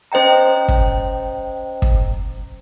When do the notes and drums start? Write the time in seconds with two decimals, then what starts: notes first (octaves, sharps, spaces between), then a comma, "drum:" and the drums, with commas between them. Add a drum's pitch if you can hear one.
0.12 C#4 C5 D#5 G5 A#5
0.68 drum: kick
1.82 drum: kick